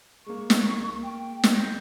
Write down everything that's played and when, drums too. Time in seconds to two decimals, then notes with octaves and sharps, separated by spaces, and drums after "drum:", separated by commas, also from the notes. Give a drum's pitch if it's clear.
0.26 G#3 A#3 C#6
0.50 drum: snare
1.03 G5
1.43 drum: snare
1.56 G6 A#6